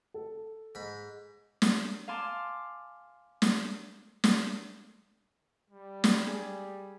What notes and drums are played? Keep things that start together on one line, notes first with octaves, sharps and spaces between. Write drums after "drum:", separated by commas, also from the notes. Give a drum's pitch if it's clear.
A4
G#2 B5
drum: snare
F5 G#5 A5 C6 D6
drum: snare
drum: snare
G3
drum: snare
G#4